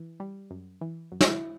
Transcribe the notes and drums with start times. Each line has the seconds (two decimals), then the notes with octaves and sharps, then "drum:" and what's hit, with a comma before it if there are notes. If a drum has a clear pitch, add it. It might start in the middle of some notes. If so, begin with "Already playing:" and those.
Already playing: E3
0.20 G3
0.51 F#2
0.81 E3
1.12 F#2
1.21 F#4, drum: snare
1.27 E4